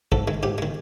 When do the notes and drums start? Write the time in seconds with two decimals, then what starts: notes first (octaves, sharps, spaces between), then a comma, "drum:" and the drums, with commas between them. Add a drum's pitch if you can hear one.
0.12 G#2 A4, drum: kick
0.28 D#3 G#3
0.43 G#2 G4
0.58 D#3 G#3